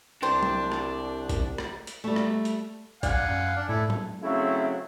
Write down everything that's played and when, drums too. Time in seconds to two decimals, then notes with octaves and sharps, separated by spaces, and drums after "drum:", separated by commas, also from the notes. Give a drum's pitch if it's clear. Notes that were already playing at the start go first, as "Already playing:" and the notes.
0.22 C2 D4 G4 C5
0.43 drum: tom F#3
0.72 drum: rim click
1.29 drum: kick, hi-hat
1.58 drum: rim click
1.87 drum: hi-hat
2.04 G3 A3
2.16 drum: rim click
2.45 drum: hi-hat
3.03 D5 F5 F#5 G#5, drum: kick, hi-hat
3.23 F#2
3.56 D4
3.69 A2 E4 A4 G#6
3.90 drum: tom F#3
4.22 C#3 F#3 A3 C4 E4